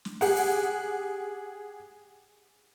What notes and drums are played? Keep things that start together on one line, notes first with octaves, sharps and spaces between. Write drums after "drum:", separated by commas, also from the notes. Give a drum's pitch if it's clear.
drum: snare
G4 G#4 F#5, drum: open hi-hat
drum: open hi-hat